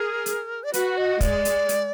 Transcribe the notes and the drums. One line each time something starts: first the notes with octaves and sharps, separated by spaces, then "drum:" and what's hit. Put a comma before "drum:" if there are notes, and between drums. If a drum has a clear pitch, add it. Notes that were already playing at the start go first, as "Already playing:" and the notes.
Already playing: G#4 A#4
drum: hi-hat
D5
F#4 B4, drum: hi-hat
D#5
G#3 D5, drum: kick, hi-hat
drum: hi-hat
drum: hi-hat